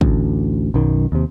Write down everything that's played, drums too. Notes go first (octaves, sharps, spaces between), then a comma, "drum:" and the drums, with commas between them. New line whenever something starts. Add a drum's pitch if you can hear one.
A1 D2, drum: kick
B1 F#2 D#3
D#2 C3